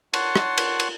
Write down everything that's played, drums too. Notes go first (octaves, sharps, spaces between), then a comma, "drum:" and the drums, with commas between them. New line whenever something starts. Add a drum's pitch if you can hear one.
C#5 F#5 A5 C6, drum: cymbal
drum: rim click
drum: cymbal
drum: cymbal